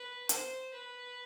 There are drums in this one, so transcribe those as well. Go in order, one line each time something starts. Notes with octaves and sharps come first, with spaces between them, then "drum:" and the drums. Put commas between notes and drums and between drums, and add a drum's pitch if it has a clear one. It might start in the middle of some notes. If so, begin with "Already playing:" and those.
Already playing: B4
C5, drum: hi-hat
B4